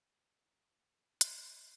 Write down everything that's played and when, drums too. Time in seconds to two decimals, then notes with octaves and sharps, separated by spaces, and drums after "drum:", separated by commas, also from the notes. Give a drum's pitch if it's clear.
0.21 F#2
0.71 C#3
1.21 D5, drum: hi-hat